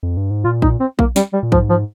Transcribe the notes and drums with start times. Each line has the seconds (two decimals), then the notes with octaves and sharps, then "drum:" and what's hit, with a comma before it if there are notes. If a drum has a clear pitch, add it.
0.03 F2
0.17 G2
0.31 G#2
0.44 A#2 F4
0.62 D#4, drum: kick A#1
0.80 C4
0.99 A#3, drum: kick A#1
1.16 G3, drum: snare
1.33 G3
1.43 A#2
1.52 G#2 F3, drum: kick A#1
1.70 F3